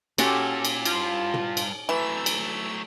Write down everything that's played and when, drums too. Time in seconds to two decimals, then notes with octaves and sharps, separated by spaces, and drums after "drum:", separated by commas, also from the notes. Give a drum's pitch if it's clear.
0.18 A#2 C#4 F#4 G4 A4, drum: cymbal
0.65 drum: cymbal
0.85 G2 F4, drum: cymbal
1.34 drum: tom
1.57 drum: cymbal
1.89 E3 F#3 A3 E6
2.26 drum: cymbal